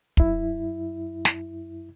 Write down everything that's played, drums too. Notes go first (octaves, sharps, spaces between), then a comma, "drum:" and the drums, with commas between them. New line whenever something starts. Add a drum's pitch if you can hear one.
F#2 E4, drum: kick
drum: snare